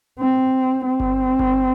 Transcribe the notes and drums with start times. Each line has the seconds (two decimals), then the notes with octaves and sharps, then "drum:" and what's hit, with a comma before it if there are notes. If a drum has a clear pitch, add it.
0.19 C4
0.85 C4
1.00 drum: kick G1
1.39 drum: kick G1